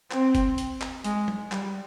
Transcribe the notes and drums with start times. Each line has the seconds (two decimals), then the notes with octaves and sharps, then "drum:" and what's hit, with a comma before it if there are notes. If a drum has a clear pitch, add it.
0.11 C4, drum: clap
0.35 drum: kick, hi-hat
0.58 drum: hi-hat
0.81 drum: clap
1.04 G#3, drum: hi-hat
1.28 drum: tom F#3
1.52 G3, drum: clap